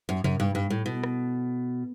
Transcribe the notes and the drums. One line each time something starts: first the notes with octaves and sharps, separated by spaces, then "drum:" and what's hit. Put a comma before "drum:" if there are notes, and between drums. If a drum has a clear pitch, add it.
F#2
F#2, drum: tom C3
G2
G2
A2
B2
drum: rim click